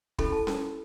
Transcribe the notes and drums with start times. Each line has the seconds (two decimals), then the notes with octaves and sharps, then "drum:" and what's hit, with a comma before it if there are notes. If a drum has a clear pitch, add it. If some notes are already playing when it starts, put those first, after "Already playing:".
0.19 C#4 E4 A4 B5, drum: kick
0.32 A5
0.47 drum: snare C#4